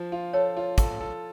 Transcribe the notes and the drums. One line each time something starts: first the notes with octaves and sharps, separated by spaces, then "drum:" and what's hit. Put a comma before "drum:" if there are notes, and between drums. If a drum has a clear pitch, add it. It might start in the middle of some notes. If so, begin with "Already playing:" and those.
Already playing: F3
F4
A4 C#5
F4
A4, drum: kick, hi-hat
A4